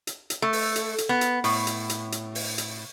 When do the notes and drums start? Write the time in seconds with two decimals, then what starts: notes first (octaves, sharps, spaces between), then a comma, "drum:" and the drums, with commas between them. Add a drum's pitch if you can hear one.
0.07 drum: hi-hat
0.30 drum: hi-hat
0.42 A3
0.53 drum: open hi-hat
0.76 drum: hi-hat
0.98 drum: hi-hat
1.09 B3
1.21 drum: hi-hat
1.44 A2, drum: open hi-hat
1.67 drum: hi-hat
1.90 drum: hi-hat
2.12 drum: hi-hat
2.35 drum: open hi-hat
2.58 drum: hi-hat